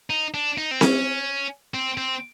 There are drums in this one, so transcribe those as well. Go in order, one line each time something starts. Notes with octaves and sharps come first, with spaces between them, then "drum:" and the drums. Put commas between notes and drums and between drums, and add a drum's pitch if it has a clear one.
D#4
D4
D#4
C4
C#4, drum: snare C4
C4
C4